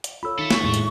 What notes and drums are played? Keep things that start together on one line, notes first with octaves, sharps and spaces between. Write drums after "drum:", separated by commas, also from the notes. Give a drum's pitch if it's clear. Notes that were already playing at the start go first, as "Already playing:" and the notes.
drum: hi-hat
F4 A4 C#5 B5 E6
D#3 D#4 A4 E5
C#6, drum: snare
E2 A2 G#3 E4
drum: hi-hat